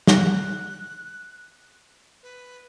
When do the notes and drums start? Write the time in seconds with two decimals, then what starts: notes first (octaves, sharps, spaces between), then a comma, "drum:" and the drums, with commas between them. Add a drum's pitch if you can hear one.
0.07 F#6, drum: snare
2.23 B4